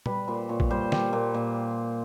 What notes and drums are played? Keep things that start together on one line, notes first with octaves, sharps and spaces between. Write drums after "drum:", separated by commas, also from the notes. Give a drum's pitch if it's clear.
G3 B4, drum: tom
A#2 C5
A#2 C#5
drum: kick
G3 C5
G3, drum: snare
A#2
A#2